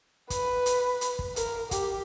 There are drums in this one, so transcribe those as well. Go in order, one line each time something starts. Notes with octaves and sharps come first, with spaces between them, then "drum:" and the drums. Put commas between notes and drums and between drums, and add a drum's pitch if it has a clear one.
B4, drum: kick, hi-hat
drum: hi-hat
drum: hi-hat
drum: kick
A#4, drum: hi-hat
G4, drum: kick, hi-hat